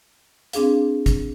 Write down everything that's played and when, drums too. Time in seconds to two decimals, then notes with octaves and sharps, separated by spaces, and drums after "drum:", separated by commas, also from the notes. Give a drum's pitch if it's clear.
0.53 C4 D4 G#4 F5, drum: hi-hat
1.06 drum: kick, hi-hat